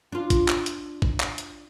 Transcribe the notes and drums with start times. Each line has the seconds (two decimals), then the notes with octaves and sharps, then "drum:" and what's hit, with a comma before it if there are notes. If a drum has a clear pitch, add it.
0.12 D4 F4
0.30 drum: kick, hi-hat
0.48 drum: clap
0.66 drum: hi-hat
1.02 drum: kick
1.20 drum: clap
1.38 drum: hi-hat